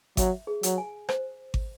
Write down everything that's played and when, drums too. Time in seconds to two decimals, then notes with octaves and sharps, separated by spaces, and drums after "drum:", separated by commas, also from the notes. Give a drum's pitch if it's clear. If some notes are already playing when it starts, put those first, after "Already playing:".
0.17 F#3 E5, drum: kick G#1, hi-hat
0.47 G#4
0.63 F#3, drum: hi-hat
0.78 G#5
1.09 C5, drum: rim click
1.54 drum: kick G#1